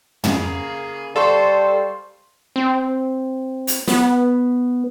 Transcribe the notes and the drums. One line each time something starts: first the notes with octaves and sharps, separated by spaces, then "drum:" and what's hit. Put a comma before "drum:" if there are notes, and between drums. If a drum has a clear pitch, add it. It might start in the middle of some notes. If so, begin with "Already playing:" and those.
C#3 A#3 G#4, drum: tom
G3 A4 C5 F5 C6 C#6
C4
drum: hi-hat
B3, drum: snare